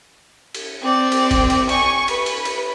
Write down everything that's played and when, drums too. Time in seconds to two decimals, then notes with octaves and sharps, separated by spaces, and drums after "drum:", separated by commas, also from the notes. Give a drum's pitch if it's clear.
0.55 drum: cymbal
0.82 C4 D5
1.12 drum: cymbal
1.31 drum: kick, cymbal
1.50 drum: cymbal
1.69 G#5 C#6, drum: cymbal
2.08 B4, drum: cymbal
2.26 drum: cymbal
2.45 drum: cymbal